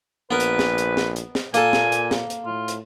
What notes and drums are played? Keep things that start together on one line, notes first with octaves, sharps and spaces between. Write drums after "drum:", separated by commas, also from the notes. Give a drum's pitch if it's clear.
A#1 B3 A#4 B4
drum: hi-hat
drum: snare
drum: hi-hat
drum: snare
drum: hi-hat
drum: snare
A#2 A#3 A4 G#5, drum: hi-hat
drum: snare
drum: hi-hat
drum: snare
drum: hi-hat
A2 F4
drum: hi-hat